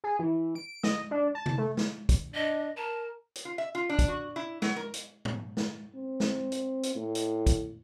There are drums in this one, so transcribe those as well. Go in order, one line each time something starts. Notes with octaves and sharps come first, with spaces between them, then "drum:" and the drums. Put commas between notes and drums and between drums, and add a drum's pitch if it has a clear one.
G#4
E3
D7
D#5, drum: snare
D4
A5
drum: tom C3
A3
drum: snare
drum: kick, hi-hat
D4 D#5
A#4 A5
drum: hi-hat
F4
E5
F4
D4
drum: kick, hi-hat
F#4
E4
F#3, drum: snare
A#4
drum: hi-hat
drum: tom G#2
drum: snare
C4
drum: snare
drum: hi-hat
drum: hi-hat
A2
drum: hi-hat
drum: kick, hi-hat